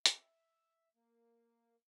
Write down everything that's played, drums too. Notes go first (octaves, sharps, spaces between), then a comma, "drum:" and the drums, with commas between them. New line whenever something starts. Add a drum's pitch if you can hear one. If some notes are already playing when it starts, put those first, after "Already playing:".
E5, drum: hi-hat
A#3